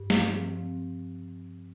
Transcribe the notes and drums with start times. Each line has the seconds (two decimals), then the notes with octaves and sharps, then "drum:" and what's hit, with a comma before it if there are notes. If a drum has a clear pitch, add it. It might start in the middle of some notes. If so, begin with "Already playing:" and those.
Already playing: G2
0.10 F3, drum: snare
0.25 C4
0.41 F3
0.56 C4